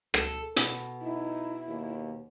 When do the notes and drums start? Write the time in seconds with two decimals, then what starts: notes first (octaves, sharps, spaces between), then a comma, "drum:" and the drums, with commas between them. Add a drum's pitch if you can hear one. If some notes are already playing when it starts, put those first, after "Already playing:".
0.14 A4, drum: rim click
0.56 B2, drum: hi-hat
1.02 D#4 E4
1.68 D#2